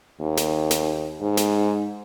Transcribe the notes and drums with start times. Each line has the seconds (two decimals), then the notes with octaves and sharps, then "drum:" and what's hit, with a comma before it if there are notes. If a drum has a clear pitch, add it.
0.21 D#2
0.37 drum: snare
0.71 drum: snare
1.21 G#2
1.37 drum: snare